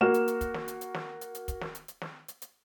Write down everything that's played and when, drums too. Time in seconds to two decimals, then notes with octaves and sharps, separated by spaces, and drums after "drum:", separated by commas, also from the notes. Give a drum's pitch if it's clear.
0.01 A#3 F#4 F6 E7
0.14 drum: hi-hat
0.28 drum: hi-hat
0.41 drum: kick, hi-hat
0.54 drum: snare
0.68 drum: hi-hat
0.81 drum: hi-hat
0.94 drum: snare
1.21 drum: hi-hat
1.35 drum: hi-hat
1.48 drum: kick, hi-hat
1.61 drum: snare
1.75 drum: hi-hat
1.88 drum: hi-hat
2.02 drum: snare
2.28 drum: hi-hat
2.42 drum: hi-hat